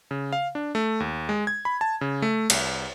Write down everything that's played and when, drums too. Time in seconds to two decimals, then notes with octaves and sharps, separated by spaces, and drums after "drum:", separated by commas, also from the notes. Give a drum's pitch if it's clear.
0.11 C#3
0.33 F5
0.55 D4
0.75 A3
1.00 D#2
1.29 G#3
1.47 G#6
1.65 B5
1.81 A5
2.01 C#3
2.22 A3
2.50 C2, drum: cymbal